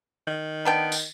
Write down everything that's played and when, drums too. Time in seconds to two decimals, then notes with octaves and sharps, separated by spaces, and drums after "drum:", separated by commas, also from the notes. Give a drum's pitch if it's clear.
0.27 D#3
0.65 B3 D4 G5
0.92 drum: tambourine